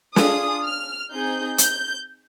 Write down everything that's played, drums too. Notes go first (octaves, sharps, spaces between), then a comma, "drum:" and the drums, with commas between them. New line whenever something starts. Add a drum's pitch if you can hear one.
D4 F4 G#4 D#6, drum: snare
F6
C4 D#4 G#4 G6
G6, drum: hi-hat